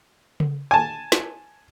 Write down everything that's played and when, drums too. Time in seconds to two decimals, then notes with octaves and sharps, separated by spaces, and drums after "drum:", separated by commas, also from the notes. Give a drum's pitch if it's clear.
0.40 drum: tom C#3
0.71 G#5 A5
1.12 drum: snare